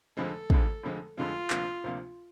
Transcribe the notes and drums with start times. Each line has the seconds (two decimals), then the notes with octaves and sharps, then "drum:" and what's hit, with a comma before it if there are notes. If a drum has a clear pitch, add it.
0.17 F1 F2 D3 F3 G#3 A4
0.50 F1 F2 D3 F3 G#3, drum: kick
0.83 F1 F2 D3 F3 G#3
1.18 F1 F2 D3 F3 G#3 F4
1.50 D2 C3 F3 A#3 D4, drum: clap
1.84 D2 C3 F3 A#3 D4